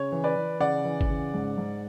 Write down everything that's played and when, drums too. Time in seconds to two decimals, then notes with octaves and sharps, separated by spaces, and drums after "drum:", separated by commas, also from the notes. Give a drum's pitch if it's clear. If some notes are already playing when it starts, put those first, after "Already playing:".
Already playing: C#3 C#5
0.12 E3
0.24 B4 D5
0.35 E3
0.60 C#3 D5 F#5
0.85 E3
1.01 drum: kick
1.10 C#3
1.34 G#2
1.58 G#2